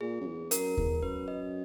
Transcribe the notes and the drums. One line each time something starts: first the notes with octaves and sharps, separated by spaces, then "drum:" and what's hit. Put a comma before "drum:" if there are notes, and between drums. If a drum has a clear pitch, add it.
A#2 G#4
F#2
E2
F#2 A#4, drum: hi-hat
E2, drum: kick D#2
F#2 B4
D#5